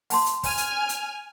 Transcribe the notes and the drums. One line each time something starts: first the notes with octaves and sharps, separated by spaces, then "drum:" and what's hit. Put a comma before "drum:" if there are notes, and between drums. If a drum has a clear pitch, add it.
F#5 A5 C6, drum: open hi-hat
drum: hi-hat
G#5 F6, drum: kick, open hi-hat
drum: hi-hat
drum: hi-hat